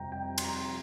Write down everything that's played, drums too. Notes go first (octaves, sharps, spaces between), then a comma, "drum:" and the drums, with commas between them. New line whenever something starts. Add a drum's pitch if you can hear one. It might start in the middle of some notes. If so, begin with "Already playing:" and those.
Already playing: F2 C3 G3 G5 A#5
G5
C6, drum: cymbal
A#5